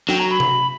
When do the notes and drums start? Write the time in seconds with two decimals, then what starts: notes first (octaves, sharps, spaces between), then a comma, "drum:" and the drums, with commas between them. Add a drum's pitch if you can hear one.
0.09 F#3 G5, drum: snare
0.19 A#5
0.30 B5
0.40 drum: tom C3